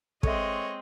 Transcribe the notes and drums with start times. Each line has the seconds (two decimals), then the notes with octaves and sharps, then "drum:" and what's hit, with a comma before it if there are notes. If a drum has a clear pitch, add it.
0.23 G#3 C4 A4 B4 C#5 D#5 E5, drum: kick